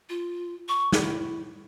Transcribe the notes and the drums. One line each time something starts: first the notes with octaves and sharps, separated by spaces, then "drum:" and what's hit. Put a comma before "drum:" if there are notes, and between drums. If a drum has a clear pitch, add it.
F4
C#6
drum: snare
E4